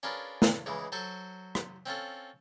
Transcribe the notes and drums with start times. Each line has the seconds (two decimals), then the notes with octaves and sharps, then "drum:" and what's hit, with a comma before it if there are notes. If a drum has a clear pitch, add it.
0.03 C#4 D4 F4 G#4 A#4 B4
0.42 drum: snare
0.66 C#2 C#3 E3 G#3
0.92 F#3 A4 C5 C#6
1.55 drum: rim click
1.86 C4 C#4 F4 A4